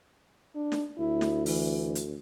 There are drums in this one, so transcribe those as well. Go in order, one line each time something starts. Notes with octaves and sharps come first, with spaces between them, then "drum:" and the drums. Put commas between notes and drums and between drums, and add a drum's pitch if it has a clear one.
D4
drum: snare
D2 E4
drum: snare
E3, drum: open hi-hat
drum: hi-hat